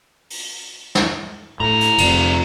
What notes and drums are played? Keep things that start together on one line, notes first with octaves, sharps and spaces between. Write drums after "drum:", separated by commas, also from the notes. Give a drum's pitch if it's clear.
drum: open hi-hat
drum: snare
A2 G4 A#5
drum: hi-hat
F1 F2, drum: cymbal